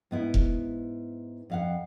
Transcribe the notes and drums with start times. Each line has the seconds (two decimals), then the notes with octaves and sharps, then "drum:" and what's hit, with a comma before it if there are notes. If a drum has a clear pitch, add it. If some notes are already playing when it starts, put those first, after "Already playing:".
0.11 G#2 B3 E4
0.34 drum: kick F1
1.50 F2 F5 F#5